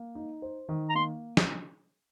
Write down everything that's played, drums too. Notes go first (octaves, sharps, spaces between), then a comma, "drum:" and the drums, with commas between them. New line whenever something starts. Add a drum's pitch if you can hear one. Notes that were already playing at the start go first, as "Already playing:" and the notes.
Already playing: A#3
D#4
C5
D#3
A#5
A#3 C6
drum: snare